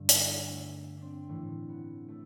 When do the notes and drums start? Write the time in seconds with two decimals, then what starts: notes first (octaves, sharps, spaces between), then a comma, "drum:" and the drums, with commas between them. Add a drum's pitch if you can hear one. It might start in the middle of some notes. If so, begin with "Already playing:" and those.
Already playing: G2 D3
0.09 B3, drum: hi-hat
0.49 A3
0.97 C4 D4
1.28 A2 E3 A3
1.69 B3
2.08 A3